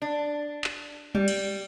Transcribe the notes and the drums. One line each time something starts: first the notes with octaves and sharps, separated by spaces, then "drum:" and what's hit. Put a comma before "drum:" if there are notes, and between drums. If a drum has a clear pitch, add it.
D4
drum: clap
G3, drum: tom G3
drum: cymbal